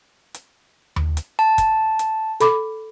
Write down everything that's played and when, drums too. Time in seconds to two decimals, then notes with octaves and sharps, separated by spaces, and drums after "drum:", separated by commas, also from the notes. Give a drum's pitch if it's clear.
0.34 drum: hi-hat
0.96 drum: tom D#2
1.17 drum: hi-hat
1.39 A5
1.58 drum: kick, hi-hat
1.99 drum: hi-hat
2.40 A4 B5 D6, drum: hi-hat